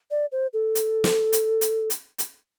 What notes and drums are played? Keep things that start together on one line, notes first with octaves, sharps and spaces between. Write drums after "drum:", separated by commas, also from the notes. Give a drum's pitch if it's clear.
D5
C5
A4
drum: hi-hat
drum: snare
drum: hi-hat
drum: hi-hat
drum: hi-hat
drum: hi-hat